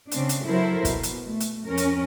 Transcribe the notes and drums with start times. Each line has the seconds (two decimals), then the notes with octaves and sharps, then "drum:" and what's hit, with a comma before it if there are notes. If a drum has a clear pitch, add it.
0.11 C#3 C4 D4, drum: hi-hat
0.29 drum: hi-hat
0.45 F#3 E4 A4 A#4 C5
0.85 B2, drum: kick, hi-hat
1.03 drum: hi-hat
1.25 A3
1.40 drum: hi-hat
1.66 F2 C#4 A#4
1.77 drum: hi-hat